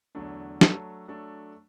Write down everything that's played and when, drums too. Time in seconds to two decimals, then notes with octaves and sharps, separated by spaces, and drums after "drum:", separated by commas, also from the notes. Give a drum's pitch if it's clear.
0.15 E2 D3 F#3 A3 D4
0.61 F#3 A3 D4 A4, drum: snare
1.08 F#3 A3 D4 A4